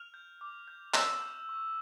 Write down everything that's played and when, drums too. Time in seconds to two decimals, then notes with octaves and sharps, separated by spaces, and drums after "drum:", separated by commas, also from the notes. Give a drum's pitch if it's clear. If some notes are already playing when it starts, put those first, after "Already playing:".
Already playing: F6 F7
0.14 G6
0.41 D6
0.68 G6
0.94 C#6 E6 E7, drum: clap
1.21 G6
1.49 C#6